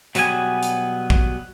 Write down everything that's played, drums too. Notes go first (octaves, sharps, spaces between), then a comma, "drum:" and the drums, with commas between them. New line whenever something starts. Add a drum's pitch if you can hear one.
B2 F#3 G3 B3 G#4 G#5, drum: hi-hat
drum: hi-hat
drum: kick A#1